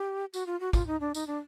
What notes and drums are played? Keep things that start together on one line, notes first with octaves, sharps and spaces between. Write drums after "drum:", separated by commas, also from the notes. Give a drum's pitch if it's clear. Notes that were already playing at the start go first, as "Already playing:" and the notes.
Already playing: G4
F#4, drum: tambourine
F4
F#4
F4, drum: kick, tambourine
D#4
D4
D#4, drum: tambourine
D4